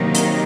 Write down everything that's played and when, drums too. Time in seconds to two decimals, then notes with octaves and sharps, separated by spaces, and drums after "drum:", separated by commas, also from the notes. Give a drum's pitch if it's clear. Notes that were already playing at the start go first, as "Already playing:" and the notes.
Already playing: C3 D#3 F#3 A#3 D#4
0.15 drum: hi-hat